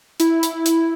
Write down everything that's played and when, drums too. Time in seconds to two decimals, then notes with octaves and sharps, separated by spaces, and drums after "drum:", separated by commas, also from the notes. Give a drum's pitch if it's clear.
0.20 E4, drum: hi-hat
0.43 drum: hi-hat
0.66 drum: hi-hat